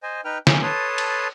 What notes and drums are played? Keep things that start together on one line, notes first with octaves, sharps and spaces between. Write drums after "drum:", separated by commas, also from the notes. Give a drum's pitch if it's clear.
C5 D#5 G#5
D#4 B4 G5 F6
C#4, drum: snare
A4 B4 C#5 A5 C6 D#6
drum: cymbal